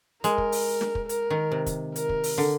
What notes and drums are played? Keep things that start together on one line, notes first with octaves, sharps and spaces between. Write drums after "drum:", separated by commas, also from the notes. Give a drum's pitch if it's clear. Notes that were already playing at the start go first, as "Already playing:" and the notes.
G#3 A#4, drum: hi-hat
drum: kick
drum: open hi-hat
drum: snare
drum: kick
A#4, drum: hi-hat
D#3
C3
drum: kick, hi-hat
A#4, drum: hi-hat
drum: kick
drum: open hi-hat
D3